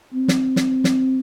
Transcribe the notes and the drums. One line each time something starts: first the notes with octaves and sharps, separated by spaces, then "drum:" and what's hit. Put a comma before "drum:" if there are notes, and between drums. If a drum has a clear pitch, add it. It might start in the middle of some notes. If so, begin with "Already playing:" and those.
C4
drum: snare
drum: snare
drum: snare